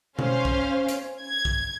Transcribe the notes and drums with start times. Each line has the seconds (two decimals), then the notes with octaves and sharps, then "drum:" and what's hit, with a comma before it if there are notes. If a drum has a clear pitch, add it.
0.19 C#4 C5 F5, drum: tom B2
0.45 drum: kick
0.89 drum: hi-hat
1.22 G#6
1.45 drum: kick